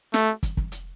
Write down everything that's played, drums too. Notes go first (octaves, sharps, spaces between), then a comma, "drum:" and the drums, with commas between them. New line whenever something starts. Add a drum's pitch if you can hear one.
A3, drum: snare
drum: kick, hi-hat
drum: kick
drum: hi-hat